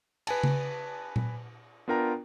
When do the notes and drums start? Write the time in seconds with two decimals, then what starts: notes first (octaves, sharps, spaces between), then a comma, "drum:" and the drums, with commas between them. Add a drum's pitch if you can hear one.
0.27 B4 G#5 A5, drum: cymbal
0.43 drum: tom C#3
1.16 drum: tom A#2
1.88 B3 D4 F4 A#4 G5 A#5